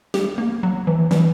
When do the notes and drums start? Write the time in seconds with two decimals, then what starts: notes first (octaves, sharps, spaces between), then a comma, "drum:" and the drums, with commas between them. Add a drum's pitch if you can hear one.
0.14 G4, drum: snare
0.38 A#3
0.63 F#3
0.87 E3
1.11 E3, drum: snare